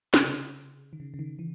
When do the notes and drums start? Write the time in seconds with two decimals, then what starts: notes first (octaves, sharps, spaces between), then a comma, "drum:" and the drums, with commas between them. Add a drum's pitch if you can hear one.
0.14 C3, drum: snare
0.24 C#3
0.93 D#3
1.00 C#3
1.14 C#3
1.19 D#3
1.39 E3